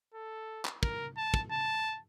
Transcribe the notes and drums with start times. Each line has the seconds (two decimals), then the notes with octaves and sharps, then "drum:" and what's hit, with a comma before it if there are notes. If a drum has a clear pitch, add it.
0.14 A4
0.65 drum: clap
0.83 A#4, drum: kick
1.17 A5
1.34 drum: kick
1.51 A5